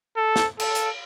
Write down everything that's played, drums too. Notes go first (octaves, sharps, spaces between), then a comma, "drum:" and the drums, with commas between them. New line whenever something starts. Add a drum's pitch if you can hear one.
A4
drum: snare
A4, drum: cymbal
drum: hi-hat